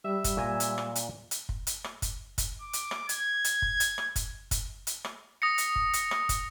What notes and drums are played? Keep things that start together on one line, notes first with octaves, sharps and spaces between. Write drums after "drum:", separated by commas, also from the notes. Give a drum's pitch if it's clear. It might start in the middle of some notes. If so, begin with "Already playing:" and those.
G3 E5
drum: kick, hi-hat
A#2 G#5 A#5
drum: hi-hat
drum: rim click
drum: hi-hat
drum: hi-hat
drum: kick
drum: hi-hat
drum: rim click
drum: kick, hi-hat
drum: kick, hi-hat
D6
drum: hi-hat
drum: rim click
G#6, drum: hi-hat
drum: hi-hat
drum: kick
drum: hi-hat
drum: rim click
drum: kick, hi-hat
drum: kick, hi-hat
drum: hi-hat
drum: rim click
D#6 A#6 C#7
drum: hi-hat
drum: kick
drum: hi-hat
drum: rim click
drum: kick, hi-hat